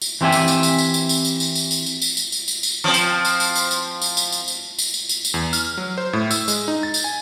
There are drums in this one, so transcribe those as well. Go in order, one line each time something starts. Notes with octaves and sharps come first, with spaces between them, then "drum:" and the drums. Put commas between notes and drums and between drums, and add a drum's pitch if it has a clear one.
drum: tambourine
E3 C4 G4 E5 G#5
drum: tambourine
drum: tambourine
drum: tambourine
drum: tambourine
drum: tambourine
drum: tambourine
drum: tambourine
drum: tambourine
drum: tambourine
drum: tambourine
drum: tambourine
drum: tambourine
drum: tambourine
drum: tambourine
drum: tambourine
drum: tambourine
F3 C4
drum: tambourine
drum: tambourine
drum: tambourine
drum: tambourine
drum: tambourine
drum: tambourine
drum: tambourine
drum: tambourine
drum: tambourine
drum: tambourine
drum: tambourine
drum: tambourine
drum: tambourine
E2
F6, drum: tambourine
F#3
C5
A2
E6, drum: tambourine
G#3, drum: tambourine
D#4
A6
drum: tambourine
G#5